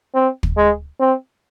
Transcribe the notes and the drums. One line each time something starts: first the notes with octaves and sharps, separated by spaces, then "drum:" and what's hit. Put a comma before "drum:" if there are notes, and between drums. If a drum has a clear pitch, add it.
C4
drum: kick
G#3
C4